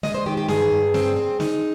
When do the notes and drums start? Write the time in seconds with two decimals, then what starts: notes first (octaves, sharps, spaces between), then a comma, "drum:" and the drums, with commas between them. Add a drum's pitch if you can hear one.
0.03 G#3 D#5, drum: snare
0.15 C5
0.26 D#3 G4
0.37 G4
0.48 G2 G#4, drum: snare
0.71 G2
0.94 C4, drum: snare
1.16 C4
1.40 D#4, drum: snare